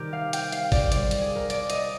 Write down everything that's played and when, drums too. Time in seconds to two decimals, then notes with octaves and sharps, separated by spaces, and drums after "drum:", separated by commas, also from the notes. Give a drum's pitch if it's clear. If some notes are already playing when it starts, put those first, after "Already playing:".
Already playing: C3 D#3 G3 G4 A#4
0.13 F5
0.33 G5, drum: hi-hat
0.52 F5, drum: hi-hat
0.72 D5, drum: kick G1, open hi-hat
0.92 C3 G3 D5, drum: hi-hat
1.11 drum: hi-hat
1.22 G#4
1.36 A#4
1.50 D5, drum: hi-hat
1.70 D#5, drum: hi-hat